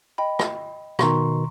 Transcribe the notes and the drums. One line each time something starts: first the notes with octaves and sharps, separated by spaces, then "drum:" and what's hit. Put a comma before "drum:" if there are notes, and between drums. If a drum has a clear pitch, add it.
D#5 G5 B5
drum: rim click
B2 D#3 A#5 C6 C#6, drum: rim click